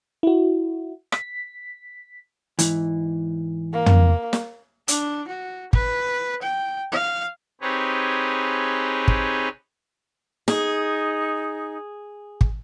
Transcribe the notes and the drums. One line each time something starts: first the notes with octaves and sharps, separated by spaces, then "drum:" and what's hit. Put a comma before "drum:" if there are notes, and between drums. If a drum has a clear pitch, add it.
E4 F#4
B6, drum: rim click
G#2 E3, drum: hi-hat
A#3
drum: tom
drum: snare
D4, drum: hi-hat
F#4
B4, drum: kick
G5
F5
C4 D#4 G4 G#4 B4 C#5
drum: kick
D#4 G#4, drum: snare
drum: kick